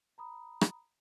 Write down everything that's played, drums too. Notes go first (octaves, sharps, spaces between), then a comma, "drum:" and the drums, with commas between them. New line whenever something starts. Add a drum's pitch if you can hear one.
A#5 B5 D#6
drum: rim click